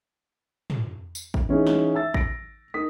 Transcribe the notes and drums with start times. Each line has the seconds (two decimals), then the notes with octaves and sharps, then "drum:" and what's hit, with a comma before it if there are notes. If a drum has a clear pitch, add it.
0.70 drum: tom
1.15 drum: tambourine
1.34 drum: kick A1
1.49 E3 C#4 D#4 G#4
1.67 drum: snare
1.94 E5 A5 E6 A6
2.14 A#6 D7, drum: kick A1
2.74 D#4 A#4 D#6 B6